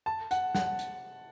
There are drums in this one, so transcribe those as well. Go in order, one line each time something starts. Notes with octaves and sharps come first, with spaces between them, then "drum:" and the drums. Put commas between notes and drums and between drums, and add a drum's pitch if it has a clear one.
A5
F#5, drum: hi-hat
F#5, drum: snare
drum: hi-hat